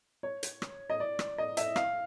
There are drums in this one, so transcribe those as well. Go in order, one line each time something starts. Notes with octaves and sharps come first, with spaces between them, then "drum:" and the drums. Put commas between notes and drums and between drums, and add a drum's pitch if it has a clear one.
C#5
drum: hi-hat
drum: rim click
D#5
D5
drum: rim click
D#5
E5, drum: hi-hat
F5, drum: rim click